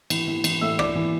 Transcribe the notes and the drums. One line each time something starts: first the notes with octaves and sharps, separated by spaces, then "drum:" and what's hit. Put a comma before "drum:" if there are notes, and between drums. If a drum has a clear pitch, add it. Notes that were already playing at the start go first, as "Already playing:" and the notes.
E3, drum: cymbal
E3
E3, drum: cymbal
A2 E5 E6
E3 D5 D6, drum: rim click
E3